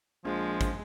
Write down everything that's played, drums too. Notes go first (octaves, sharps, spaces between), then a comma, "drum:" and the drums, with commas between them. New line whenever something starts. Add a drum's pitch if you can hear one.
A#1 F3 G#3
drum: kick, hi-hat